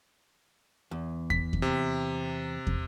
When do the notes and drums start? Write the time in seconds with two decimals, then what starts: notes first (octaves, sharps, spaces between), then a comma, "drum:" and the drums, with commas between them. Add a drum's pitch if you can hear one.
0.91 E2
1.30 B6, drum: kick
1.53 drum: kick
1.62 C3
2.67 drum: kick